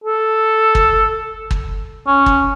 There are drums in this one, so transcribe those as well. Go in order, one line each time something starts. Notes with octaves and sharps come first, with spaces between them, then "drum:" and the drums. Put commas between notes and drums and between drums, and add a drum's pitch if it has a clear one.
A4
drum: kick
drum: kick
C#4
drum: kick